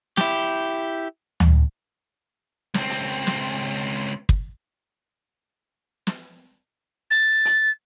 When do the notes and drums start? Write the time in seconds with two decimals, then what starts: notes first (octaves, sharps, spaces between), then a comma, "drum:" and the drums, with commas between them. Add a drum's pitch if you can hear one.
0.17 E4 G4, drum: snare
1.40 drum: tom D2
2.74 C#2 C4, drum: snare
2.89 drum: hi-hat
3.27 drum: snare
4.29 drum: kick
6.07 drum: snare
7.10 A6
7.45 drum: hi-hat